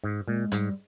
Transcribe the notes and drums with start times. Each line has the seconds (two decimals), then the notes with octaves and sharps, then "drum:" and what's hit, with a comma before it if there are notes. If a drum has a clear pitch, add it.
0.04 G#2
0.28 A#2 G#3
0.52 G#2 G3, drum: hi-hat